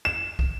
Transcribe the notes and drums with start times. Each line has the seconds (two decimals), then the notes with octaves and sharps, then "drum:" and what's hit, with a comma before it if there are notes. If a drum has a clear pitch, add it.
0.05 E7
0.39 drum: kick